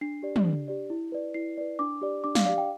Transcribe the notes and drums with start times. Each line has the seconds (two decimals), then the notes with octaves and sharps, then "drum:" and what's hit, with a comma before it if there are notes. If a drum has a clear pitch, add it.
0.01 D4 C7
0.23 G4 D5
0.36 drum: tom
0.45 D4
0.68 G4 D5
0.90 E4
1.12 B4 D5
1.34 E4 C7
1.58 B4 D5
1.79 D4 D6
2.02 G4 D5
2.24 D4 D6
2.35 F5, drum: snare
2.45 G4 D5 F5
2.58 G5